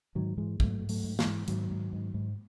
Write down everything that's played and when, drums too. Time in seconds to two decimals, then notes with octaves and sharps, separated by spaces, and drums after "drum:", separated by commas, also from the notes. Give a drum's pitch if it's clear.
0.15 G#2 D#3 F#3
0.37 G#2 E3 G#3
0.60 G#2 F#3 A3, drum: kick
0.82 G#2
0.89 F#3 A3, drum: open hi-hat
1.04 G#2
1.19 E3 G#3, drum: snare
1.27 G#2
1.48 G#2 D#3 F#3, drum: hi-hat
1.71 G#2
1.93 G#2
2.14 G#2